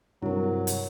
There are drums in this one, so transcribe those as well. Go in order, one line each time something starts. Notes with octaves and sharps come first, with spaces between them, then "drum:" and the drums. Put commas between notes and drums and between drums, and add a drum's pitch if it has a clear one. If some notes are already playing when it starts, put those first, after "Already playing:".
G2 C3 F#3 E4 A#4
drum: hi-hat